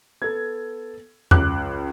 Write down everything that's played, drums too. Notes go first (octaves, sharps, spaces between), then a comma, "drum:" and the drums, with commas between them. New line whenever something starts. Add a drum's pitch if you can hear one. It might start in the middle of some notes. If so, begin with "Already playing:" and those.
B3 A4 G#6
C#2 D6 F#6, drum: tom E2